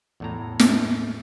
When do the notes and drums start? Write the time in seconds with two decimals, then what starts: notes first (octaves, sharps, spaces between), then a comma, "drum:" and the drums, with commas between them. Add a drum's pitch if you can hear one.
0.20 E2 A2 A#5
0.59 drum: snare